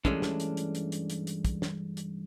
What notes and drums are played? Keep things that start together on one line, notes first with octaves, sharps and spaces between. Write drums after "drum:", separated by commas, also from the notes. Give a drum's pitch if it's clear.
G2 E3 G#3 A3 C#4 D4, drum: kick
drum: snare
drum: hi-hat
drum: hi-hat
drum: hi-hat
drum: hi-hat
drum: hi-hat
drum: hi-hat
drum: kick, hi-hat
drum: snare
drum: hi-hat